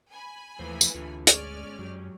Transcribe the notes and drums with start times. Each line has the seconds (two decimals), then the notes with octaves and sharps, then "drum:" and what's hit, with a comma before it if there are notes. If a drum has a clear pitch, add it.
0.13 G#5 B5
0.59 D#2 E3 F3 A3 C5
0.81 drum: tambourine
0.95 D2 D3 F4 A4
1.27 G1 G#3 C#4 G#4 D5 F6, drum: hi-hat
1.79 F#2 F#3 G4